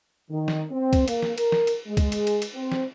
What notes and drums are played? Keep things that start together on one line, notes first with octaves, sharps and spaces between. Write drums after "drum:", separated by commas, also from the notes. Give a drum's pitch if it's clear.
D#3
drum: snare
C4
drum: kick, cymbal
A#3, drum: cymbal
drum: snare
A#4, drum: cymbal
drum: snare
drum: cymbal
G#3
drum: kick, cymbal
drum: cymbal
drum: cymbal
drum: cymbal
C4
drum: snare